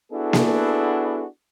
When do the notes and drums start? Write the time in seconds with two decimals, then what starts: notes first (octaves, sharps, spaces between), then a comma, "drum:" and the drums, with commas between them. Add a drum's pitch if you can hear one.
0.12 B3 D4 E4 F#4 G#4 A4
0.33 drum: snare A#3